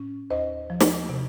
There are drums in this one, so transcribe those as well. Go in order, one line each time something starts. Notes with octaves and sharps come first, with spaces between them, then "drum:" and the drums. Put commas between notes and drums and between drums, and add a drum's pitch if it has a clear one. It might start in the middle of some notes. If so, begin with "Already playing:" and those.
Already playing: A2 C#4
D#2 C5 D#5
F3
drum: snare
C3